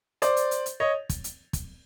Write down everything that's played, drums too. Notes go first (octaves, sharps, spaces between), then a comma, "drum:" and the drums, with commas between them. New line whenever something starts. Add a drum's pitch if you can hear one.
C5 D5, drum: hi-hat
drum: hi-hat
drum: hi-hat
drum: hi-hat
C#5 D#5
drum: kick, hi-hat
drum: hi-hat
drum: kick, hi-hat